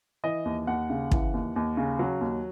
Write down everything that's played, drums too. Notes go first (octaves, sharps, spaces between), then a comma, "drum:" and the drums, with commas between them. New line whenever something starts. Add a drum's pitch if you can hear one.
E3 D#5
D#2
D#2 F#5
C#3
E3, drum: kick
D#2
D#2
C#3
F#3
D#2